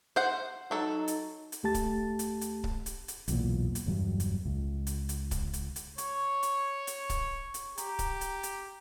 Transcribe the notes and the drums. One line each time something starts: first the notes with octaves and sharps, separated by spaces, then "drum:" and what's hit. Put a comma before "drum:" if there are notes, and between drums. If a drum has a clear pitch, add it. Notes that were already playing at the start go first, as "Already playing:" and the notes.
C5 F#5
F#3 D#4 A4
drum: hi-hat
drum: hi-hat
D2 A3 G4 A5 A6
drum: kick C#1, hi-hat
drum: hi-hat
drum: hi-hat
drum: kick C#1
drum: hi-hat
drum: hi-hat
B1 E2 A#2, drum: hi-hat
drum: hi-hat
F#1 E2 G2 F#3
drum: hi-hat
C#2
drum: hi-hat
drum: hi-hat
drum: kick C#1, hi-hat
drum: hi-hat
drum: hi-hat
C#5 C#6, drum: hi-hat
drum: hi-hat
drum: hi-hat
drum: kick C#1, hi-hat
drum: hi-hat
G4 A#5, drum: hi-hat
drum: kick C#1, hi-hat
drum: hi-hat
drum: hi-hat